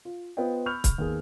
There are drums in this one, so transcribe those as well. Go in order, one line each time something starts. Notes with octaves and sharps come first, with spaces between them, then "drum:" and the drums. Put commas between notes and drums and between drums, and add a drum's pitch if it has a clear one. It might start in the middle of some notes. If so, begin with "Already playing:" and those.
F4
B3 F4 C5 D#5 G5
B5 C#6 E6 F6 G6 F7
drum: kick C#1, hi-hat
D#2 B3 G#4